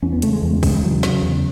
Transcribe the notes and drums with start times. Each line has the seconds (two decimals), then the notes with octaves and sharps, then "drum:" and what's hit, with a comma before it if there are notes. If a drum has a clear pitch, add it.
0.02 E2 C#4
0.12 B3
0.22 C#3 A3, drum: hi-hat
0.33 G#3
0.42 E2
0.63 C#3, drum: kick, open hi-hat
0.83 E2 F#3
1.03 C#3, drum: snare
1.23 E2